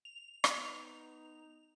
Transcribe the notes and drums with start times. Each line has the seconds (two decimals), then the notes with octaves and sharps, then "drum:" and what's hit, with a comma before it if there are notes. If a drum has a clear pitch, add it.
0.05 F7
0.44 drum: rim click
0.53 B3 D#4